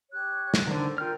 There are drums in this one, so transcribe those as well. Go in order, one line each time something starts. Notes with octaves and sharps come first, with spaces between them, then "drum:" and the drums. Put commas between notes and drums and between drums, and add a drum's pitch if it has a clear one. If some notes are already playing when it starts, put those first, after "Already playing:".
G4 C#5 F#6
drum: snare
D3 D#3 A4 C5 D5
F4 A#4 G5 F6